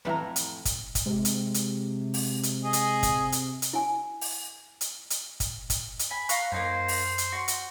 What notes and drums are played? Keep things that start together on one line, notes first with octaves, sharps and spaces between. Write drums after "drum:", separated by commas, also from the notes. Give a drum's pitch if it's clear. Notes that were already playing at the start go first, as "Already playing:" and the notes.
F2 A2 E3 G3 B3 A#5
drum: hi-hat
drum: kick, hi-hat
drum: kick, hi-hat
C3 G#3
drum: hi-hat
drum: hi-hat
drum: open hi-hat
drum: hi-hat
G#4 D#5
drum: hi-hat
drum: kick, hi-hat
drum: hi-hat
drum: hi-hat
E4 G#5
drum: open hi-hat
drum: hi-hat
drum: hi-hat
drum: kick, hi-hat
drum: kick, hi-hat
drum: hi-hat
G#5 B5
F5 A#5 C#6 F#6, drum: hi-hat
F#2 A#3 D#4 C5 G#5
drum: open hi-hat
drum: hi-hat
F#4 C6
drum: hi-hat